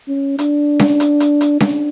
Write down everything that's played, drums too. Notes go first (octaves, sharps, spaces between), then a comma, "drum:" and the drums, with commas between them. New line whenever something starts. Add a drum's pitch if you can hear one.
C#4
D4, drum: hi-hat
drum: snare C#4
drum: hi-hat
drum: hi-hat
drum: hi-hat
D4, drum: snare C#4